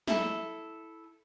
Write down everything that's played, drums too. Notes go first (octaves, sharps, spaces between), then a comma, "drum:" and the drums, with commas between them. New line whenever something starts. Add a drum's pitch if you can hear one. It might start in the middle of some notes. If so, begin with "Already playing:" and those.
E4 A4, drum: snare